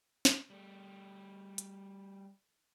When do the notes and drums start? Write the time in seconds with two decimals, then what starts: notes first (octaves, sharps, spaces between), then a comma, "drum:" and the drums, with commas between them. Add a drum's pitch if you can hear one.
0.25 drum: snare
0.50 G3 A3
1.58 drum: hi-hat